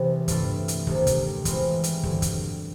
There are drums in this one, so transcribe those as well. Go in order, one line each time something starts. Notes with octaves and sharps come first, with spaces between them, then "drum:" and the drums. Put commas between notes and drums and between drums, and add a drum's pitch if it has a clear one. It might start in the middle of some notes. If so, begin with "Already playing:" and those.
Already playing: C2 C3 E3 G#3
G2 E3 A3 D4 F4, drum: kick, hi-hat
drum: hi-hat
C2 C3 D#3, drum: kick
drum: kick, hi-hat
E3 G#3 C4 F4, drum: kick, hi-hat
drum: hi-hat
G2 D3 F#3, drum: kick
drum: kick, hi-hat